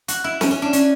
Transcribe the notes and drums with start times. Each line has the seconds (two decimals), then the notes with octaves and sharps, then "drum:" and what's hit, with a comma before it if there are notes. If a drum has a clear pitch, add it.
0.08 F#4, drum: hi-hat
0.24 E4
0.41 C#4, drum: snare
0.51 C#4
0.62 D4
0.73 C#4, drum: hi-hat